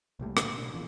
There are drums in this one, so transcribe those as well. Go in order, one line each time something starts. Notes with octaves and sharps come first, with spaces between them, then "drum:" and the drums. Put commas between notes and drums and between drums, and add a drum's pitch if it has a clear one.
C2 A#2 G3 A3
A2 D3 A3 A#3, drum: rim click
B2 D4
E1 A#1 E2 A#2